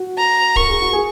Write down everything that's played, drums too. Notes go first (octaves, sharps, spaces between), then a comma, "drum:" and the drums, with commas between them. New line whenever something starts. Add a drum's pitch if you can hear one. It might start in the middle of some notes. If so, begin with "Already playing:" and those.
Already playing: F#4
A#5
A#4 C#6, drum: kick
G#4
F#4
G#4